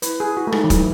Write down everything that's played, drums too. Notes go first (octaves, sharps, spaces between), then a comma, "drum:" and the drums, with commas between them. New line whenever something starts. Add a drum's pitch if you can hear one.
E4 B4, drum: hi-hat
G#4
F#4
A3
G#3 D#4, drum: rim click
E3
F#3, drum: kick, hi-hat